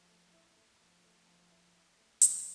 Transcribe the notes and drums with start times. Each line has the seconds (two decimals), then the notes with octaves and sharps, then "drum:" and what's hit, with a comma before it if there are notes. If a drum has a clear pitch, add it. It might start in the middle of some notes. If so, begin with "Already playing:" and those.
Already playing: F3
0.09 A3
0.32 E4
0.56 A3
0.80 F3
1.03 A3
1.27 F3
1.50 E4
1.75 E4
1.98 A3
2.21 F3, drum: hi-hat